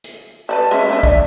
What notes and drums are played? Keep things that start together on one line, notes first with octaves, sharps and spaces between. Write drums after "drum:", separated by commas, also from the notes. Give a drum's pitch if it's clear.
drum: hi-hat
B4 D5 E5 A5
G#3 C#4 B4 E5
A#3 D4 D#5 E5
D4, drum: kick B1